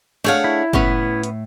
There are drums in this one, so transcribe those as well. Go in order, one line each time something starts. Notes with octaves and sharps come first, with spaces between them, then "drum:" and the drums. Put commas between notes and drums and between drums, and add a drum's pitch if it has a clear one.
A3 D4 G#4 C#5 F5 F#5
E4
A2 B3 C#4 B4, drum: kick
drum: hi-hat